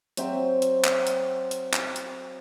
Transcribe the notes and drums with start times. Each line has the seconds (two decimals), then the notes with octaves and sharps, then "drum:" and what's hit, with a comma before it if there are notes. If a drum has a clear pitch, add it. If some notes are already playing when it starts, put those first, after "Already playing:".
0.17 F#3 C4 E5 G5, drum: hi-hat
0.62 drum: hi-hat
0.84 drum: clap
1.07 drum: hi-hat
1.51 drum: hi-hat
1.74 drum: clap
1.96 drum: hi-hat